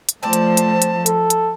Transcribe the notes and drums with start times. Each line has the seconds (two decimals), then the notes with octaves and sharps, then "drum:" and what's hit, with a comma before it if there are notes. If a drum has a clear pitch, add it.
0.09 drum: hi-hat
0.23 F3 A3 C4 C5 D5 A5
0.33 drum: hi-hat
0.57 drum: hi-hat
0.82 drum: hi-hat
1.06 A4, drum: hi-hat
1.30 drum: hi-hat